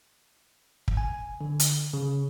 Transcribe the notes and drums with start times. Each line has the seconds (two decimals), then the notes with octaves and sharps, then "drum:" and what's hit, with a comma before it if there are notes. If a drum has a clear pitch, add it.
0.88 drum: kick
0.97 G#5
1.41 D3
1.60 drum: hi-hat
1.93 C#3